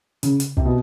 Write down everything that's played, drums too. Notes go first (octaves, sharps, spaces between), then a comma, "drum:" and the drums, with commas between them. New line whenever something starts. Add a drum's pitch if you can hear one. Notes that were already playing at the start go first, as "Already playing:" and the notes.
C#3, drum: hi-hat
drum: hi-hat
C3, drum: kick
B2